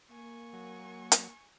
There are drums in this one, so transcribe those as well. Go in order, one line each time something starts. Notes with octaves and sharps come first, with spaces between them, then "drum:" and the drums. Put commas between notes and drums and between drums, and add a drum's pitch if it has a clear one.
A#3 G#5 C#6
F#3
drum: hi-hat